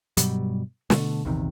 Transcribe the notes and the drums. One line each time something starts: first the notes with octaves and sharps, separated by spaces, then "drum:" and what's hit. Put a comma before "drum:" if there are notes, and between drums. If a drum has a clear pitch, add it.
G2 B2 F#3 G3, drum: hi-hat
B2 D3 F#3 A3, drum: snare
A#1 E2 C3 D#3